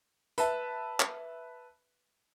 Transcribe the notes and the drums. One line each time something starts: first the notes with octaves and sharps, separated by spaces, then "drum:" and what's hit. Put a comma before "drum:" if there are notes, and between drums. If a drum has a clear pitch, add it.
B4 E5 A5, drum: hi-hat
drum: clap